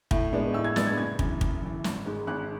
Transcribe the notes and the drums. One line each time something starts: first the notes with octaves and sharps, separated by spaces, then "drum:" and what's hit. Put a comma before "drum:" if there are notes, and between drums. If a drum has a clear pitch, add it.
A2, drum: kick
G#3 B3 D4
A2 E6
G#6
G#3 B3 D4 A6, drum: snare
G#6
F#1 G#6
F#2 E3, drum: kick
F#1, drum: kick
F#2 E3
G#1, drum: snare
G#2 G#3
G#1 F#6